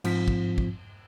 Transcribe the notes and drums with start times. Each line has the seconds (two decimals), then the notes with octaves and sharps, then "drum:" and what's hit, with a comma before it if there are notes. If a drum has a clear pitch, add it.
0.04 G#2 F3 C4 F4 B6, drum: cymbal
0.28 drum: kick
0.58 drum: kick